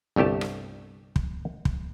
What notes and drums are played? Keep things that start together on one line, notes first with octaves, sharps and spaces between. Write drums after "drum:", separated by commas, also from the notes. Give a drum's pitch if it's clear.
G1 C2 A3 G4 A5
drum: rim click
drum: kick
drum: kick